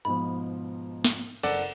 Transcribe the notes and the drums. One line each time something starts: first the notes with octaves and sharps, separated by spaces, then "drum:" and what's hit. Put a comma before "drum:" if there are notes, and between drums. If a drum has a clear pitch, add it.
G#2 B2 F3 B5
drum: snare
F#1 A4 D5 F#5, drum: cymbal